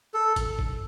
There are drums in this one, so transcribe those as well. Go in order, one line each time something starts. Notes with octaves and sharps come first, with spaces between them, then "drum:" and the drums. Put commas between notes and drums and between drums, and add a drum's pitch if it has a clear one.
A4
drum: kick, hi-hat
drum: kick